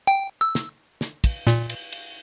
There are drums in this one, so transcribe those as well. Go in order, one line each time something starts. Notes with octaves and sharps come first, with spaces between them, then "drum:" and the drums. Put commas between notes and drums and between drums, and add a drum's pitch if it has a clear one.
G5
E6
drum: snare
drum: snare
drum: kick, cymbal
A#2, drum: snare
drum: cymbal
drum: cymbal